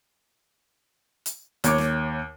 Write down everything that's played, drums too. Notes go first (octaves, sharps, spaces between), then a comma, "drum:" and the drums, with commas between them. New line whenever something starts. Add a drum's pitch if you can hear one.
drum: hi-hat
D#2 C#5 D6, drum: hi-hat
drum: snare